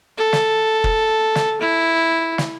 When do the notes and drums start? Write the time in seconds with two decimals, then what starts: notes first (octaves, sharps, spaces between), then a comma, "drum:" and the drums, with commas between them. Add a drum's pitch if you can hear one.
0.18 A4
0.33 drum: snare
0.84 drum: kick
1.35 drum: snare
1.61 E4
2.38 drum: snare